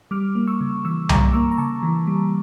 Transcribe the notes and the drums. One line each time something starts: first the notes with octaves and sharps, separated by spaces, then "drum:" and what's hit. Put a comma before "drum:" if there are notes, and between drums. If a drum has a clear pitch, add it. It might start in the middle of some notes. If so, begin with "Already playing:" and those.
G3 D6 F6
A#3
C#6 E6
C#3
E3 C#6 E6
G3 A#5 D6, drum: tom C2
A#3 C#6 E6
A#5
C#3 A5 C#6
E3
G3